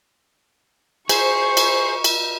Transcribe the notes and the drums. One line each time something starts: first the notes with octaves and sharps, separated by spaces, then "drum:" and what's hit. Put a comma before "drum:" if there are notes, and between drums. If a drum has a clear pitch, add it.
G#4 C5 C#6, drum: cymbal
drum: cymbal
drum: cymbal